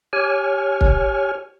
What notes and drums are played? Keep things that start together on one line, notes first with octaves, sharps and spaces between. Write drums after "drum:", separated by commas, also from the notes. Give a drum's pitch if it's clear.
G4 C#5 G#5 F6
drum: kick